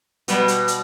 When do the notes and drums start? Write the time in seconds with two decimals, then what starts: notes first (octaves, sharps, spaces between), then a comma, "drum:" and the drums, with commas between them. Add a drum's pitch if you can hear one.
0.28 B2 G3 B3, drum: hi-hat
0.48 drum: hi-hat
0.68 drum: hi-hat